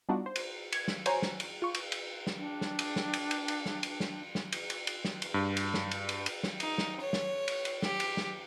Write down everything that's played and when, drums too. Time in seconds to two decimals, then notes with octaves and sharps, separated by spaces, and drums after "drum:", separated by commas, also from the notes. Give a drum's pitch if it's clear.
0.09 G3 B3 D4 D#4 F4 F#4
0.26 C5
0.36 drum: cymbal
0.72 G#6 C#7, drum: cymbal
0.88 drum: snare
1.06 F#4 C5 C#5 G#5 A#5, drum: cymbal
1.22 drum: snare
1.40 drum: cymbal
1.62 F4 C#6
1.75 drum: cymbal
1.92 drum: cymbal
2.27 drum: snare
2.39 D4 G5
2.61 drum: snare
2.79 drum: cymbal
2.96 drum: snare
3.13 drum: cymbal
3.31 drum: cymbal
3.48 drum: cymbal
3.66 drum: snare
3.83 drum: cymbal
4.00 drum: snare
4.35 drum: snare
4.52 drum: cymbal
4.70 drum: cymbal
4.87 drum: cymbal
5.05 drum: snare
5.22 drum: cymbal
5.34 G2
5.57 drum: cymbal
5.74 drum: snare
5.91 drum: cymbal
6.09 drum: cymbal
6.26 drum: cymbal
6.43 drum: snare
6.60 D#4, drum: cymbal
6.78 drum: snare
7.00 C#5
7.13 drum: snare
7.48 drum: cymbal
7.65 drum: cymbal
7.82 G4, drum: snare
8.00 drum: cymbal
8.17 drum: snare